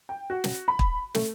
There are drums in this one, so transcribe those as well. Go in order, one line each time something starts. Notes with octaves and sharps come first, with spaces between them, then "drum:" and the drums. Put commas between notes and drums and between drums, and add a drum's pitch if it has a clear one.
G5
F#4
drum: snare
B5
drum: kick
A3, drum: snare